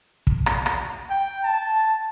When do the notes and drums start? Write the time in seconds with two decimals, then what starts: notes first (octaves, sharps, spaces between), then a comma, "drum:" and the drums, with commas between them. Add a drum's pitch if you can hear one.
0.27 drum: kick
0.46 drum: rim click
0.66 drum: rim click
1.10 G5
1.44 A5